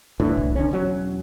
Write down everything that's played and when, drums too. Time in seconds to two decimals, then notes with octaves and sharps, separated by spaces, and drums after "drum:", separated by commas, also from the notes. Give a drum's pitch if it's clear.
0.20 C2 A2 D3 E3
0.37 drum: kick
0.55 D3 C#4
0.71 E1 F#3 C#4